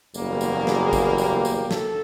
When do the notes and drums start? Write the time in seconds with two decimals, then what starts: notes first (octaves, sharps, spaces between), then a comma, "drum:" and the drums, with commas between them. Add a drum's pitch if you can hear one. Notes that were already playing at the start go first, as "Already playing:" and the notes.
0.14 F#1 E2 B2 G3 A#3, drum: tambourine
0.41 drum: tambourine
0.67 G#4, drum: snare
0.93 drum: kick, tambourine
1.18 G4, drum: tambourine
1.45 drum: tambourine
1.71 A4, drum: snare